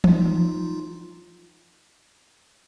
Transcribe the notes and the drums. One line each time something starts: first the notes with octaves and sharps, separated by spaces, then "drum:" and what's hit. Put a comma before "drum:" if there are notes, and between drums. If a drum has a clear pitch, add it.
D#4 F4, drum: tom E3